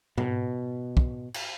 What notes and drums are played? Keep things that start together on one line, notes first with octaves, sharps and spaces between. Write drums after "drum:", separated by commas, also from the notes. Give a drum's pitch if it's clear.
B2, drum: tom G#2
drum: kick
drum: cymbal